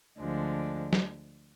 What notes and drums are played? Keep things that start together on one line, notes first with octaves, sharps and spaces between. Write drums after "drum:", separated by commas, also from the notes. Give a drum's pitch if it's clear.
D2 D3 F3 G#3 D4
drum: snare